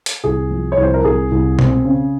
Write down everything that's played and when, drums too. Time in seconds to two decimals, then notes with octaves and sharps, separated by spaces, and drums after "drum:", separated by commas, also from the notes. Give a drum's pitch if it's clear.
0.06 drum: hi-hat
0.24 C2 G#4
0.50 F3
0.72 C#5
0.77 C2
0.83 C5
0.94 A#4
1.04 C2 G#4
1.31 C2
1.59 C4, drum: tom B2
1.85 C#3